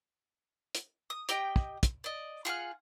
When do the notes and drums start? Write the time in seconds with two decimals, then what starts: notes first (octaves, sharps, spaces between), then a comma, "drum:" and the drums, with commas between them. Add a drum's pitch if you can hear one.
0.75 drum: hi-hat
1.10 D#6
1.29 G4 D#5 G5, drum: hi-hat
1.56 drum: kick
1.83 drum: kick, hi-hat
2.04 D5 D#5
2.45 F4 G#4 F#5 F6